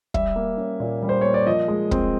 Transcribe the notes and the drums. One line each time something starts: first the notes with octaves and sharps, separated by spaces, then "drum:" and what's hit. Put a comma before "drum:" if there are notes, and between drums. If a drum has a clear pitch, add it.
G3 E5, drum: kick
A#3
C#4
A#2
G3
C5
A#3 C#5
D5
F3 D#5
G#3
C4, drum: kick